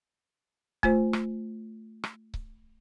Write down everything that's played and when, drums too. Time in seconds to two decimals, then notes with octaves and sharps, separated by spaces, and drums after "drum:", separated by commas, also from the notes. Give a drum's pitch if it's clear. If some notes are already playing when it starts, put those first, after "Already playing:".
0.83 A3 F4 C5, drum: kick C#1
1.13 drum: rim click
2.04 drum: rim click
2.34 drum: kick C#1